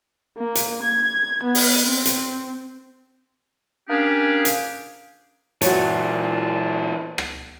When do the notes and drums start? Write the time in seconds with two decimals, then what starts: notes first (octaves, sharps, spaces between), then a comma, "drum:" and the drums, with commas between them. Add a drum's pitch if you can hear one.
0.38 A#3
0.55 drum: hi-hat
0.83 G#6
1.43 B3
1.55 drum: open hi-hat
1.86 C4
2.05 drum: hi-hat
3.89 A#3 C#4 D4 G4 G#4
4.45 drum: hi-hat
5.62 A#2 E3 F#3 F#4 C#5 A5, drum: hi-hat
7.18 drum: rim click